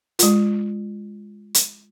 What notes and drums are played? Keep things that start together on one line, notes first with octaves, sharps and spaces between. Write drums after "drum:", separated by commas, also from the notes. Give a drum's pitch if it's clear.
G#3 F4, drum: hi-hat
drum: hi-hat